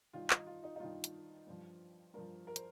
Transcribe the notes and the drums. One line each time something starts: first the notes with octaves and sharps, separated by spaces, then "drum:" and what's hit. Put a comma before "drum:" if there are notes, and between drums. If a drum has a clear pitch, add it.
G2 D#3 F4
D#4, drum: clap
F4
D#4
D#4
G2 D#3 F4
drum: hi-hat
G2 F3
G2 F3 A#4
A#4
C5, drum: hi-hat